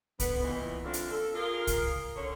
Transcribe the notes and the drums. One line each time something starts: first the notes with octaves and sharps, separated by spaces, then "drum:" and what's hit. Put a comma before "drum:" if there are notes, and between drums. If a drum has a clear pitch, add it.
D3 B3, drum: kick C2, hi-hat
A#2 D#3 E3
D3 A3 C4 D4 F4
drum: hi-hat
A4
F4 G#4 A#4
drum: kick C2, hi-hat
D3 C#4 C#5